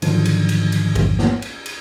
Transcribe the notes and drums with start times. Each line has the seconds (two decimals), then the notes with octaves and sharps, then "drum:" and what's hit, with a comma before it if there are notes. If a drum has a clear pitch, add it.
0.02 G#2 D3 D#3 F3 F#3 D4, drum: cymbal
0.25 drum: cymbal
0.49 drum: cymbal
0.72 drum: cymbal
0.95 drum: kick A1, cymbal
1.19 drum: snare
1.42 drum: cymbal
1.66 drum: cymbal